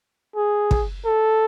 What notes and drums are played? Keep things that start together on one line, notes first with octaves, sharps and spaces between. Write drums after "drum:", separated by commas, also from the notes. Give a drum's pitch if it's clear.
G#4
drum: kick
A4